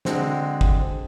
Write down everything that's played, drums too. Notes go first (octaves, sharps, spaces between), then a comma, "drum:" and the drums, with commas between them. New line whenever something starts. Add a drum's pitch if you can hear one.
D3 G#3 C4 F#4, drum: snare
drum: kick